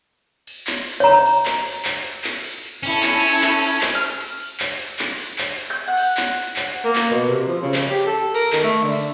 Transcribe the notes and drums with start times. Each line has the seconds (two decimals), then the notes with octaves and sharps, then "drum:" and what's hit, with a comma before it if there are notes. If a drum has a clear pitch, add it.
0.47 drum: cymbal
0.67 drum: clap
0.87 drum: cymbal
1.00 C#5 A#5
1.26 drum: cymbal
1.46 drum: clap
1.65 drum: cymbal
1.85 drum: clap
2.04 drum: cymbal
2.24 drum: clap
2.44 drum: cymbal
2.63 drum: cymbal
2.83 C#4 E4 A4, drum: cymbal
3.03 drum: clap
3.22 drum: cymbal
3.42 drum: clap
3.62 drum: cymbal
3.81 drum: clap
3.95 F6
4.21 drum: cymbal
4.40 drum: cymbal
4.60 drum: clap
4.79 drum: cymbal
4.99 drum: clap
5.19 drum: cymbal
5.38 drum: clap
5.58 drum: cymbal
5.70 G6
5.87 F#5
5.97 drum: cymbal
6.17 drum: clap
6.37 drum: cymbal
6.56 drum: clap
6.84 A#3
6.96 drum: clap
7.11 B2
7.28 C3
7.47 F3
7.62 C#3
7.74 drum: clap
7.90 G4
8.06 A4
8.34 A#4, drum: cymbal
8.53 D#3, drum: clap
8.64 A3
8.83 D3
8.92 drum: cymbal